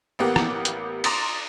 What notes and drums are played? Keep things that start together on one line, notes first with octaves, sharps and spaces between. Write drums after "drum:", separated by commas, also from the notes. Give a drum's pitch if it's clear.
A1 A#3 B3 G4 A#4 F#5
drum: rim click
drum: hi-hat
A#5 C6 D6 D#6 A6 A#6, drum: cymbal